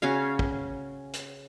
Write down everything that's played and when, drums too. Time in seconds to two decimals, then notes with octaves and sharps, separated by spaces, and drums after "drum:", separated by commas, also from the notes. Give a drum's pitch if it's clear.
0.02 C#3 C#4 F#4 F5
0.39 drum: kick
1.13 drum: hi-hat